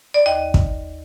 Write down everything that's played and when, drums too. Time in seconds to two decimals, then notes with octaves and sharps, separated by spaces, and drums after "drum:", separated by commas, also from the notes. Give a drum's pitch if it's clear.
0.14 D5
0.26 D#2 D#5
0.54 drum: kick